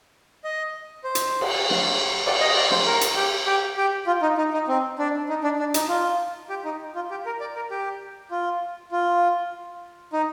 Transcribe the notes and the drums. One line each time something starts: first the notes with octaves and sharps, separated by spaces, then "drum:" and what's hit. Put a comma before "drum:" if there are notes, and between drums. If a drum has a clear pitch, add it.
D#5
C5
drum: hi-hat
drum: cymbal
drum: snare
D5, drum: cymbal
D#5
D5
C5, drum: snare
A#4
drum: hi-hat
G4
G4
G4
F4
D#4
D#4
D#4
C4
D4
D#4
D4
D4
D#4, drum: hi-hat
F4
G4
D#4
F4
G4
A#4
D5
A#4
G4
F4
F4
D#4